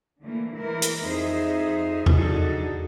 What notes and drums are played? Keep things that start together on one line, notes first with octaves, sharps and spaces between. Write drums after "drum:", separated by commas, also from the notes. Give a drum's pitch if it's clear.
D3 E3 A3 A#3
E3 G#3 E4 A#4
drum: hi-hat
F2 D#4 G#4 C5 E5
D4 D#4 F#4 G#4 A4, drum: tom E2